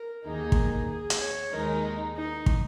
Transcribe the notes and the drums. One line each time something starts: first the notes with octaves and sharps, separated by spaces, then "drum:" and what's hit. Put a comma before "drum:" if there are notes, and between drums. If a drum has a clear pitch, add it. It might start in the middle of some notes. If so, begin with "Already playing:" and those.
Already playing: A#4
D#2 D#3 A#3 D#4 G#4
drum: kick
G#4
drum: hi-hat
C#5
D#2 D#3 G#3 D#4 A#4
D#4
drum: kick